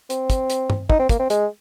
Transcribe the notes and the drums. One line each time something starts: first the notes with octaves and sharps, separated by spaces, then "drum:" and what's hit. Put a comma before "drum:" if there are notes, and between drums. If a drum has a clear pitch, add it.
C4, drum: hi-hat
drum: kick, hi-hat
drum: hi-hat
drum: tom
D#4, drum: kick
C4
A#3, drum: kick, hi-hat
C4
G#3, drum: hi-hat